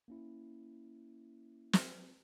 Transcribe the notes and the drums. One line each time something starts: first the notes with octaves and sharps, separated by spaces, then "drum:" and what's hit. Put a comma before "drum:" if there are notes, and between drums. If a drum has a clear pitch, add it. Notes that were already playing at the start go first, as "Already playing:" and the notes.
A#3 C#4 E4
drum: snare